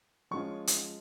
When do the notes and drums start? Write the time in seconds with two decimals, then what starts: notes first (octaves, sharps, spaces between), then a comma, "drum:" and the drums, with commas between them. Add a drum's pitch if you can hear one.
0.31 F3 G#3 C#4 F4 C#6
0.67 drum: hi-hat